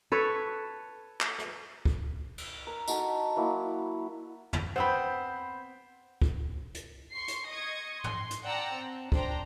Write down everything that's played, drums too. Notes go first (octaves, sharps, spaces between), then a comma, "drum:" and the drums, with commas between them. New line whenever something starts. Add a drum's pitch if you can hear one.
A4 B4 C#5
drum: clap
drum: rim click
drum: kick
drum: cymbal
A#4
D#4 F#4 A4, drum: tambourine
F#3 A#3 E4
drum: tom
B3 C4 C5 G5 B5
drum: kick
drum: hi-hat
C6 C#6 C7
drum: hi-hat
D#5 C#6 D#6 G#6
C6, drum: tom
drum: hi-hat
D5 F#5 G5 A5 A#5 E6
C4
D4 C5 G5 A#5, drum: kick